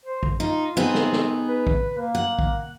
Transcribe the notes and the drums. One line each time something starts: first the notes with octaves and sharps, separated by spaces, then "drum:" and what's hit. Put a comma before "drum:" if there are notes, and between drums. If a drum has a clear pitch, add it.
C5
drum: kick
D#4 F4
B3 C4 D#4 G#4
drum: snare
drum: snare
B4
drum: kick
A#3
F#5
drum: kick